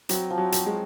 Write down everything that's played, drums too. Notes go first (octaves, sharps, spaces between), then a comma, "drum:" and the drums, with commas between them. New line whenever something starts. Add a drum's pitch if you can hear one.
F#3 C4, drum: hi-hat
F3
F#3
F#4, drum: hi-hat
G#3